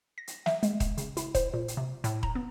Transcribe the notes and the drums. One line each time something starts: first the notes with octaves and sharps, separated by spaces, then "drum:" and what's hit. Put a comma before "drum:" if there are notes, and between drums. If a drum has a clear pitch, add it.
A#6
drum: hi-hat
E5, drum: snare
G#3, drum: hi-hat
drum: kick D#1, hi-hat
C#3, drum: hi-hat
E4, drum: hi-hat
C5, drum: kick D#1, hi-hat
A#2
drum: hi-hat
C3
A2, drum: hi-hat
A#5, drum: kick D#1
B3